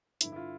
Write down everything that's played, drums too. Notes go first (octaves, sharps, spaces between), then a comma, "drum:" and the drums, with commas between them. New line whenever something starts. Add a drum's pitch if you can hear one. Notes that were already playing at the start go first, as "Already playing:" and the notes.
G2 D3 E4, drum: hi-hat
E4
F4